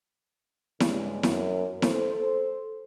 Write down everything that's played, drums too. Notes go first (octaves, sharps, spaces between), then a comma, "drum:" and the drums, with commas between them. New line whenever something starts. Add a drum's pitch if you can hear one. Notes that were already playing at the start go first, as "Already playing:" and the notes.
G2 C#3 G3 G#3, drum: snare E4
F#2, drum: snare E4
A4 C5, drum: snare E4